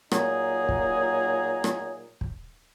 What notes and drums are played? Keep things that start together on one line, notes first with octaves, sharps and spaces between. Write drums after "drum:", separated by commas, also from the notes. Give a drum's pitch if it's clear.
A#2 F#3 D#4 G#4, drum: rim click
drum: kick
drum: rim click
drum: kick